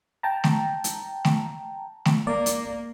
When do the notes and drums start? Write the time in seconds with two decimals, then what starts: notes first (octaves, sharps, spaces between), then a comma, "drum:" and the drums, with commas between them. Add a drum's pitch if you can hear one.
0.23 G5 A5 A#5
0.44 drum: snare
0.84 drum: hi-hat
1.25 drum: snare
2.05 drum: snare
2.27 A#3 D5
2.46 drum: hi-hat